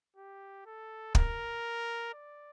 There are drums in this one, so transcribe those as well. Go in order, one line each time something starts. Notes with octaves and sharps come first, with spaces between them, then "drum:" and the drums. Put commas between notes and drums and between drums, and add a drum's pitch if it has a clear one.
G4
A4
A#4, drum: kick
D5